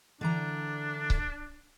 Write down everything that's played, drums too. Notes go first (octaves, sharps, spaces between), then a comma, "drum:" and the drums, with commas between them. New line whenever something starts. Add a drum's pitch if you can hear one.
D3 E3 D4 A#5
drum: kick C#1